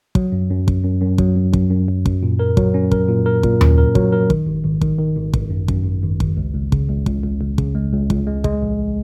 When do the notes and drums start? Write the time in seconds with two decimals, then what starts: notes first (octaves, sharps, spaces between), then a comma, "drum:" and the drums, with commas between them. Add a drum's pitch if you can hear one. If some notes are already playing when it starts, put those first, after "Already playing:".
0.15 F#3, drum: kick
0.32 F#2
0.50 F#2
0.68 F#2, drum: kick
0.84 F#2
1.02 F#2
1.18 F#3, drum: kick
1.36 F#2
1.53 F#2, drum: kick
1.70 F#2
1.89 F#2
2.06 F#2, drum: kick
2.23 A#2
2.39 A#4
2.57 F#3, drum: kick
2.74 C#4
2.91 A#4, drum: kick
3.09 A#2
3.26 A#4
3.43 A#2, drum: kick
3.61 C#4, drum: tom D#2
3.78 A#4
3.95 F#3, drum: kick
4.12 A#4
4.30 D#3, drum: kick
4.46 G#1
4.64 G#1
4.81 D#3, drum: kick
4.99 D#3
5.16 G#1
5.34 G#1, drum: kick
5.50 F#2
5.68 F#2, drum: kick
5.85 G#1
6.03 G#1
6.20 G#1, drum: kick
6.37 C#2
6.54 C#2
6.72 C#3, drum: kick
6.89 C#2
7.06 C#2, drum: kick
7.23 C#2
7.40 C#2
7.58 C#3, drum: kick
7.75 G#3
7.92 C#2
8.10 C#2, drum: kick
8.27 G#3
8.44 G#3, drum: kick
8.62 A#1